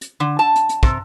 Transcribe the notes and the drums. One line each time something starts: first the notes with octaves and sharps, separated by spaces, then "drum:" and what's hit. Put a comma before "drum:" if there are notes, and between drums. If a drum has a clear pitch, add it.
drum: hi-hat
D3
A5
drum: hi-hat
drum: hi-hat
C3, drum: kick